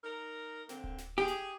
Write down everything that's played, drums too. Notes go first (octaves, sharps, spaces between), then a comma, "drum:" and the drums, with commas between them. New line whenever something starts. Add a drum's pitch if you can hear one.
D#4 A#4
D3 A#3 C4, drum: snare
drum: kick D1
drum: snare
G4 G#4
drum: snare